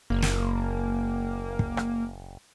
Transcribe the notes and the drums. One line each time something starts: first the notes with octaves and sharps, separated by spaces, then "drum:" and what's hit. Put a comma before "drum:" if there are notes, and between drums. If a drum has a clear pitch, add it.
F#1 A#3
drum: snare
drum: kick
drum: rim click